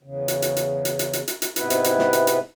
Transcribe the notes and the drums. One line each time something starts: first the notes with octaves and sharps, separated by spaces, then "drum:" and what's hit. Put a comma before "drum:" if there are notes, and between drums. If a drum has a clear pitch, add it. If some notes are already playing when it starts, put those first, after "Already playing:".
E2 C#3
drum: hi-hat
drum: hi-hat
drum: hi-hat
drum: hi-hat
drum: hi-hat
drum: hi-hat
drum: hi-hat
drum: hi-hat
G#2 C3 B3 E4 B4, drum: hi-hat
drum: hi-hat
drum: hi-hat
drum: snare
drum: hi-hat
drum: hi-hat